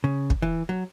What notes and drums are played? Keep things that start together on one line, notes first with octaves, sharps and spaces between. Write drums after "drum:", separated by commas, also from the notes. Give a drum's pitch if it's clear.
C#3
drum: kick
E3
F#3